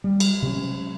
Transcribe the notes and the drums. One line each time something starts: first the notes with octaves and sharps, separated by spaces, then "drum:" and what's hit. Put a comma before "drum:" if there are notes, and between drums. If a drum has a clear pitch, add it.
G3
drum: cymbal
C3 F#3 G#3 C#4